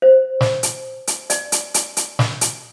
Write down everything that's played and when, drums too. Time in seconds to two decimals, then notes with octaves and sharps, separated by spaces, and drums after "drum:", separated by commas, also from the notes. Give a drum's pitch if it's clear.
0.02 C5
0.41 drum: snare
0.63 drum: hi-hat
1.07 drum: hi-hat
1.30 D5, drum: hi-hat
1.52 drum: hi-hat
1.74 drum: hi-hat
1.97 drum: hi-hat
2.19 drum: snare
2.41 drum: hi-hat